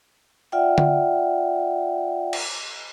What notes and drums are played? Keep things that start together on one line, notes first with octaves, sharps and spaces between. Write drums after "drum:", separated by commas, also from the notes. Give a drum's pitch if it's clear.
F4 D5 E5 F#5 G5
drum: tom D3
drum: cymbal